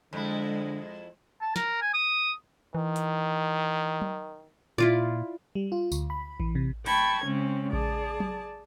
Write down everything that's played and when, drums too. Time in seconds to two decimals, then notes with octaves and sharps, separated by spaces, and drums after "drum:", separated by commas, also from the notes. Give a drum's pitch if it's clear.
0.13 F2 D3 G#3 E4
1.41 A5
1.56 A#4, drum: snare
1.82 G#5
1.94 D#6
2.75 D#3 E3
2.96 drum: hi-hat
4.02 drum: tom F#3
4.78 A#2 E4 F4 D5
5.55 G3
5.72 F4
5.92 D2, drum: tambourine
6.10 B5
6.40 E3, drum: kick A1
6.55 C3
6.86 G5 A5 B5 C#6 G#6, drum: open hi-hat
7.25 C#3 G#3 C4 C#4
7.73 G#4 D5 A5, drum: kick A1
8.20 drum: tom F#3